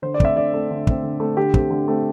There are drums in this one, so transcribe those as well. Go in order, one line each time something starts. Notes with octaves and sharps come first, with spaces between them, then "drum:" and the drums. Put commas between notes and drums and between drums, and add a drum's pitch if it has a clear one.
D3 C5
D5
A3 C4 E5, drum: kick
D3 D5
A3 C4
D3
A3 C4, drum: kick
D3
A3 C4
D3 G4
A3 C4, drum: kick
D3
A3 C4